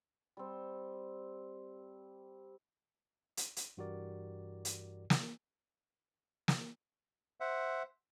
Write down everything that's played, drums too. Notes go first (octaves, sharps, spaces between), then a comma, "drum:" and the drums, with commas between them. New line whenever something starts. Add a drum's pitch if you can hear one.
G3 C4
drum: hi-hat
drum: hi-hat
G2 E3 F#4 G4 A#4 D5
drum: hi-hat
drum: snare
drum: snare
C5 E5 F#5